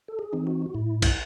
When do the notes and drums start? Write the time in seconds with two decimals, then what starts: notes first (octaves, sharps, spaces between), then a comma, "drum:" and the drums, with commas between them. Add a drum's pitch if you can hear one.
0.08 A4
0.19 G#4
0.33 E3 C4 D#4
0.47 F#4
0.66 F#4
0.75 A2 E4
1.02 drum: kick, cymbal